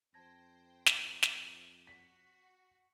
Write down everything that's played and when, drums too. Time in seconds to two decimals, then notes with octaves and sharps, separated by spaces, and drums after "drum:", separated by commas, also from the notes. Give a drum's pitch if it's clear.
0.14 F2 C5 G5 A5 G#6 A#6
0.86 drum: snare
1.23 drum: snare
1.87 F#4 B6